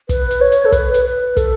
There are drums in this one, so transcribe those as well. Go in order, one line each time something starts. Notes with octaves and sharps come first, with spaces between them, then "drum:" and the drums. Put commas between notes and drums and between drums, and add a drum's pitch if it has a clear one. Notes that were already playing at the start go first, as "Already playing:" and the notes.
B4, drum: kick, hi-hat
drum: hi-hat
C#5
drum: hi-hat
A4
B4, drum: kick, hi-hat
drum: hi-hat
B4
A4, drum: kick, hi-hat